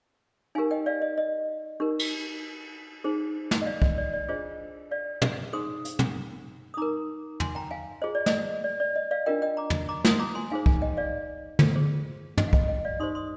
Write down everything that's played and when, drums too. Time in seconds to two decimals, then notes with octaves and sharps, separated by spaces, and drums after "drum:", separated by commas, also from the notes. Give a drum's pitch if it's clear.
0.55 D#4 G4 A#4 F5 G#5
0.71 D#5 G5
0.86 D5 F5
1.02 D#5
1.18 D#5
1.80 D#4 G4 A#4
1.99 drum: cymbal
3.04 D#4 G#4 C5
3.51 drum: snare
3.61 D#5
3.66 D5 F5
3.82 D#5, drum: kick
3.98 D5
4.13 D5
4.29 D4 F4 G#4 C5 D#5
4.91 D5 F5
5.22 drum: tom
5.53 D#4 G#4 C5 C6 D#6
5.85 drum: hi-hat
5.99 drum: tom
6.74 D#6
6.77 D#4 A#4 A#5 D6
7.40 G#5 C6, drum: tom
7.55 G5 A#5
7.71 F5 G#5
8.02 F4 G#4 C5 D#5
8.15 D5
8.26 D#5, drum: snare
8.64 D5
8.80 D5
8.96 D#5
9.11 D5 F5
9.26 D4 F4 A#4 D#5 G5
9.42 D#5 G5
9.57 A#5 D6
9.70 drum: tom
9.89 A#5 D6
10.05 C6 D#6, drum: snare
10.19 A#5 D6
10.35 G#5 C6
10.50 D#4 G#4 C5 F5 G#5
10.66 F5 G#5, drum: kick
10.82 D#5 G5
10.97 D5 F5
11.59 drum: tom
11.75 F4 G#4 C5
12.37 D#5, drum: tom
12.48 F5
12.53 D#5, drum: kick
12.68 D#5 G5
12.85 D5 F5
13.00 D#4 G4 C5 C6 D#6
13.15 C6 D#6